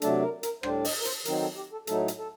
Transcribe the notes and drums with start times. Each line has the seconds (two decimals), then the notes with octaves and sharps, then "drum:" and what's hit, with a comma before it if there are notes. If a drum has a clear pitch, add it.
0.02 C3 F#3 A3 D4 A4, drum: hi-hat
0.23 A#4
0.43 A#4, drum: hi-hat
0.63 A2 G3 D4 C5, drum: rim click
0.85 D#5, drum: open hi-hat
1.00 A#4
1.05 C5, drum: hi-hat
1.25 D#3 F#3 C4 D#4 A#4, drum: hi-hat
1.41 A4
1.56 G4
1.72 A4
1.87 A2 F#3 A3 D#4 A4, drum: hi-hat
2.08 drum: hi-hat
2.18 A4